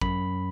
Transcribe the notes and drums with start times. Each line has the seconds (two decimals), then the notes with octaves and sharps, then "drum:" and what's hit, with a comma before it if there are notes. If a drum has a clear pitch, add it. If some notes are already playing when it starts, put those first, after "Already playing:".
0.01 F#2 B5, drum: kick